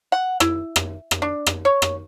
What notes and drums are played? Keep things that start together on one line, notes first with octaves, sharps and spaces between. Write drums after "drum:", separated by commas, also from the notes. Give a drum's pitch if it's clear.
F#5
E4, drum: rim click
drum: rim click
drum: rim click
D4
drum: rim click
C#5
drum: rim click